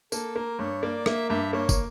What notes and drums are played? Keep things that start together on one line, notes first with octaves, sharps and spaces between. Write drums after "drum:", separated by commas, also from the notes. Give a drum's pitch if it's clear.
A#3 A4, drum: tambourine
A#3 A#4
G2 C#5
A#3 D5
A#3 E5, drum: rim click
G2 E5
A#3 C#5
drum: kick, tambourine